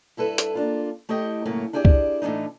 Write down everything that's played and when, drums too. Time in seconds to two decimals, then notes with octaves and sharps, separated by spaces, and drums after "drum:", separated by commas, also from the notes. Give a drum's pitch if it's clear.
0.17 G2 E4 A4 B4
0.38 drum: hi-hat
0.55 A#3 D4 F4
1.09 A3 E4 G4 D#5 G5
1.45 F#2 A2 C#3 A#3
1.73 D4 E4 G4 G#4 C#5 D5
1.85 drum: kick
2.22 A2 E3 G#3 D4 D#4